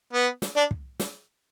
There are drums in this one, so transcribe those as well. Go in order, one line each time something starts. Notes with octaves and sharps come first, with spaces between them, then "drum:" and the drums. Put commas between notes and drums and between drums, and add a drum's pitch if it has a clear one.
B3
drum: snare
D4
drum: kick
drum: snare